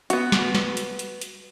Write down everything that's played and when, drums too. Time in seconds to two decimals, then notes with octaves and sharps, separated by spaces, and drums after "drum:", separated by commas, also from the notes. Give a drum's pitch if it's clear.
0.10 B3 F#4, drum: hi-hat
0.32 drum: snare
0.55 drum: snare
0.77 drum: hi-hat
0.99 drum: hi-hat
1.22 drum: hi-hat